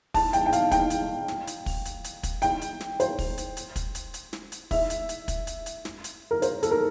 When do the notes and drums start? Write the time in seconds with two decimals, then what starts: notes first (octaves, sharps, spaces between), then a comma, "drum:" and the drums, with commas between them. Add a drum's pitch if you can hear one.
0.14 A5, drum: kick, open hi-hat
0.33 G5, drum: hi-hat
0.46 G5
0.53 F5, drum: hi-hat
0.71 G5, drum: kick, hi-hat
0.90 drum: hi-hat
1.28 drum: snare
1.47 drum: hi-hat
1.66 drum: kick, open hi-hat
1.85 drum: hi-hat
2.04 drum: hi-hat
2.23 drum: kick, hi-hat
2.42 G5, drum: hi-hat
2.61 drum: hi-hat
2.80 drum: snare
3.00 C5, drum: hi-hat
3.19 drum: kick, open hi-hat
3.38 drum: hi-hat
3.57 drum: hi-hat
3.76 drum: kick, hi-hat
3.95 drum: hi-hat
4.14 drum: hi-hat
4.33 drum: snare
4.52 drum: hi-hat
4.71 E5, drum: kick, open hi-hat
4.90 drum: hi-hat
5.09 drum: hi-hat
5.28 drum: kick, hi-hat
5.47 drum: hi-hat
5.66 drum: hi-hat
5.85 drum: snare
6.04 drum: hi-hat
6.31 A#4
6.42 C5, drum: hi-hat
6.63 A4, drum: hi-hat
6.71 A#4